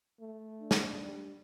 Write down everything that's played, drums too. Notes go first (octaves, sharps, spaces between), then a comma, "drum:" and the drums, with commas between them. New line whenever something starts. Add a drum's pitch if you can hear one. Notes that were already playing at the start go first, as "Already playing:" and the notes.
A3
D4
drum: snare
G3